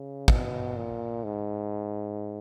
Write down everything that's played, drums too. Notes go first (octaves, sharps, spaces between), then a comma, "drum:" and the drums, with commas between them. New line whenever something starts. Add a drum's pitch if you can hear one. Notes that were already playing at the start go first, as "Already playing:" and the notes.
Already playing: C#3
B2, drum: kick
A#2
G#2